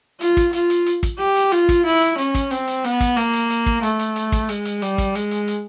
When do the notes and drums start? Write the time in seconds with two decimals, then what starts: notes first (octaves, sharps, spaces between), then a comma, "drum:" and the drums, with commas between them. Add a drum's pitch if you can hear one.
0.21 F4, drum: hi-hat
0.37 drum: kick, hi-hat
0.53 F4, drum: hi-hat
0.70 drum: hi-hat
0.86 drum: hi-hat
1.03 drum: kick, hi-hat
1.19 G4
1.36 drum: hi-hat
1.52 F4, drum: hi-hat
1.69 drum: kick, hi-hat
1.85 E4
2.02 drum: hi-hat
2.18 C#4, drum: hi-hat
2.35 drum: kick, hi-hat
2.51 C4, drum: hi-hat
2.67 drum: hi-hat
2.84 B3, drum: hi-hat
3.00 drum: kick, hi-hat
3.17 A#3, drum: hi-hat
3.33 drum: hi-hat
3.50 drum: hi-hat
3.66 drum: kick
3.83 A3, drum: hi-hat
3.99 drum: hi-hat
4.16 drum: hi-hat
4.32 drum: kick, hi-hat
4.49 G#3, drum: hi-hat
4.65 drum: hi-hat
4.82 G3, drum: hi-hat
4.98 drum: kick, hi-hat
5.15 G#3, drum: hi-hat
5.31 drum: hi-hat
5.48 drum: hi-hat